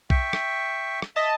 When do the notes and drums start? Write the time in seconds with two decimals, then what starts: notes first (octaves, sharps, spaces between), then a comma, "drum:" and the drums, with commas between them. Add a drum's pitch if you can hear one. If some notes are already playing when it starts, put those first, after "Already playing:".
0.10 E5 G5 C#6, drum: kick
0.33 drum: rim click
1.02 drum: rim click
1.16 D#5 E5 A5